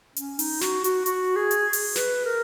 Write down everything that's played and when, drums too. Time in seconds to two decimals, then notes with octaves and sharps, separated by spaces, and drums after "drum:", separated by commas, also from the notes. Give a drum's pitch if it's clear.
0.16 C#4, drum: hi-hat
0.39 D#4, drum: open hi-hat
0.61 F#4, drum: snare
0.84 F#4, drum: hi-hat
1.06 F#4, drum: hi-hat
1.36 G#4
1.51 drum: hi-hat
1.73 drum: open hi-hat
1.96 B4, drum: snare
2.25 A#4